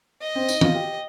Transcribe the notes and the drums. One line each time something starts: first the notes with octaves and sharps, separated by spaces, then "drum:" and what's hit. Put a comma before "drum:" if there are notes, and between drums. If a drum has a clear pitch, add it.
D#5
C4
D#4, drum: tambourine
F4, drum: tom D#3
G4